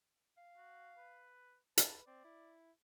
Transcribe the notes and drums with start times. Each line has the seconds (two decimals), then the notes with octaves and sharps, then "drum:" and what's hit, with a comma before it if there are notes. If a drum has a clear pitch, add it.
0.37 F5
0.57 F#4
0.98 B4
1.78 B4 A5, drum: hi-hat
2.07 C4 D5
2.24 E4